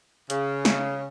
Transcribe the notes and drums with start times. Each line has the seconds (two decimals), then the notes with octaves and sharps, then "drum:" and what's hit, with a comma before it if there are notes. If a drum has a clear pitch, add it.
0.30 C#3, drum: hi-hat
0.65 drum: snare